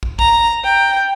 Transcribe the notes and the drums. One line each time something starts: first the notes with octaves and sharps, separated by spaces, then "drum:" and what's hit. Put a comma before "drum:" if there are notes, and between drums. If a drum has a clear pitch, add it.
drum: kick
A#5, drum: kick
G5